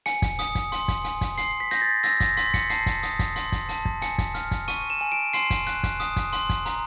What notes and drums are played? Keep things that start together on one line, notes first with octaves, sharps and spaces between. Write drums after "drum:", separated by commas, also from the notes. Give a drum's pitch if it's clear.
G#5 C#7, drum: hi-hat
drum: kick, hi-hat
D#6, drum: hi-hat
drum: kick, hi-hat
C6, drum: hi-hat
drum: kick, hi-hat
G#5, drum: hi-hat
drum: kick, hi-hat
C6 C7, drum: hi-hat
B6
G6 A#6, drum: hi-hat
A6
E6 A#6, drum: hi-hat
A#6, drum: kick, hi-hat
C6 B6, drum: hi-hat
C#7, drum: kick, hi-hat
A5 C7, drum: hi-hat
drum: kick, hi-hat
D#6, drum: hi-hat
drum: kick, hi-hat
C6, drum: hi-hat
drum: kick, hi-hat
A5, drum: hi-hat
drum: kick
G#5 C#7, drum: hi-hat
drum: kick, hi-hat
F6, drum: hi-hat
drum: kick, hi-hat
C#6 D#7, drum: hi-hat
E7
G#5
D7
C6 C7, drum: hi-hat
drum: kick, hi-hat
F#6, drum: hi-hat
drum: kick, hi-hat
D#6, drum: hi-hat
drum: kick, hi-hat
C6, drum: hi-hat
drum: kick, hi-hat
A#5, drum: hi-hat